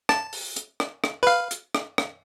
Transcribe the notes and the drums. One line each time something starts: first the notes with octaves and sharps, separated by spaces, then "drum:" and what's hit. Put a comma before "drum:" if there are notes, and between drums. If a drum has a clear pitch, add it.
A5, drum: rim click
drum: open hi-hat
drum: hi-hat
drum: rim click
drum: rim click
B4 F5
drum: hi-hat
drum: rim click
drum: rim click